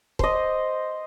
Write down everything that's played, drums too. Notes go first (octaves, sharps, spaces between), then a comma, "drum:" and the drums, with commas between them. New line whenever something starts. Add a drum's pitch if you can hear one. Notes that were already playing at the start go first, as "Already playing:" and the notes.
C5 D#5, drum: kick